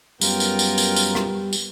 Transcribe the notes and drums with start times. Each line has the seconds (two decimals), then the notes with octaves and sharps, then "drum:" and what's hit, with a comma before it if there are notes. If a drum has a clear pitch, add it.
0.21 F#2 G3 B3 F4 A#4 G5, drum: tambourine
0.40 drum: tambourine
0.59 drum: tambourine
0.78 drum: tambourine
0.96 drum: tambourine
1.15 drum: rim click
1.53 drum: tambourine